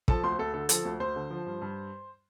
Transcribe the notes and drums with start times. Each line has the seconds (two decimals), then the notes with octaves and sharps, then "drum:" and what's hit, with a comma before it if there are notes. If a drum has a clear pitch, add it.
0.08 F3 A4 A5, drum: kick
0.23 D2 C5 C6
0.39 D2 A4
0.54 D3 A4
0.69 F3 A4, drum: hi-hat
0.85 D2
1.00 D2 C5
1.16 D3
1.31 F3
1.46 G2
1.62 G2